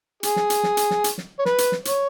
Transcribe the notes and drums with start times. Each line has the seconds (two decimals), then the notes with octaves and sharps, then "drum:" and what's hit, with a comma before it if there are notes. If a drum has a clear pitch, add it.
0.23 G#4, drum: hi-hat
0.36 drum: snare
0.50 drum: hi-hat
0.63 drum: snare
0.77 drum: hi-hat
0.91 drum: snare
1.04 drum: hi-hat
1.18 drum: snare
1.39 C#5
1.45 B4, drum: snare
1.58 drum: hi-hat
1.72 drum: snare
1.85 C#5, drum: hi-hat